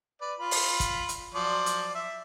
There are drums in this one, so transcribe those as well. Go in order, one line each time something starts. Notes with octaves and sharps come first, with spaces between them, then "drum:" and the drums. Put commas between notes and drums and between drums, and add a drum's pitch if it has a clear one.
B4 D5
F4 B5
drum: open hi-hat
drum: kick, hi-hat
drum: hi-hat
F3 F#3 D5
drum: hi-hat
E5